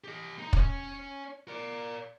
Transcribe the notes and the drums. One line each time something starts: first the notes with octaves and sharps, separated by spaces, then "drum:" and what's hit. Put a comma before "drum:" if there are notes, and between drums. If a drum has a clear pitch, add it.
G4 D#5
D#4
C#4 C#5, drum: kick
A#4 D5